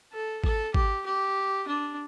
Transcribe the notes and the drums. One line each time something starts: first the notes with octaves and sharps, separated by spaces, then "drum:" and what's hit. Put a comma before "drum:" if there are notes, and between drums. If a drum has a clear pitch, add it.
A4
A4, drum: kick G#1
G4, drum: kick G#1
G4
D4